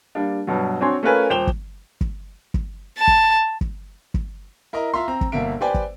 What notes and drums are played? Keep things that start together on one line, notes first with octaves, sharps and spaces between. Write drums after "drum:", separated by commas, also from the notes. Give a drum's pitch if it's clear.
G3 A#3 D4
G2 B2 F#3
C4 D4 F#4 C#5 G#5 C6
A3 C#4 F4 A#4 B4 G#5
D#1 C5 G5 E7 F7 G7
drum: kick
drum: kick
drum: kick
A5
drum: kick
drum: kick
drum: kick
E4 A#4 D#5 A#5
F4 E5 A#5 C6
C4 A#5
drum: kick
G1 B2 A#3 E5 D7
G4 B4 C5 D5 G5 G#5
drum: kick